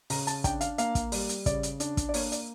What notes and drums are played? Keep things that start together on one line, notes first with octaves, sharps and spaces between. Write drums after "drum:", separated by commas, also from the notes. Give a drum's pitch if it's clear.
C#3 A#5, drum: open hi-hat
A5, drum: hi-hat
D4 G5, drum: kick, hi-hat
F5, drum: hi-hat
A#3 F5, drum: hi-hat
drum: kick, hi-hat
G3, drum: open hi-hat
drum: hi-hat
C#3 D5, drum: kick, hi-hat
drum: hi-hat
D4, drum: hi-hat
drum: kick, hi-hat
D5
A#3 C#5, drum: open hi-hat
D5, drum: hi-hat